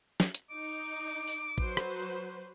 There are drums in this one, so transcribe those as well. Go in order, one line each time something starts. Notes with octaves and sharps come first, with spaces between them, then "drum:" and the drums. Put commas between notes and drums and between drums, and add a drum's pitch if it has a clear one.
drum: snare
drum: hi-hat
D#4 D6
drum: open hi-hat
F#3 B4 C5, drum: kick A1
drum: rim click